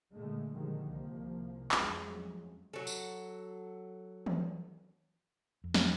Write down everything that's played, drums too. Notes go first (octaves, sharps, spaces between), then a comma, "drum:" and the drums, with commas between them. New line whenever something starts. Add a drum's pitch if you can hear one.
A#2 D3 G#3 A3
A#2 D3 D#3 F3 G3 G#3
C2 F3 A#3
F2 F#3 G#3 A3 C#4, drum: clap
F#3 A4
drum: tambourine
drum: tom D#3
F2
drum: snare